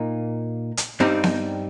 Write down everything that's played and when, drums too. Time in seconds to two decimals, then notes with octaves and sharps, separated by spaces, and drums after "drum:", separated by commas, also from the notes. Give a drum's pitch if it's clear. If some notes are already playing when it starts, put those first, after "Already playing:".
Already playing: A#2 A#3 D#4
0.77 drum: hi-hat
1.00 G2 G3 C4 D#4
1.24 drum: snare B3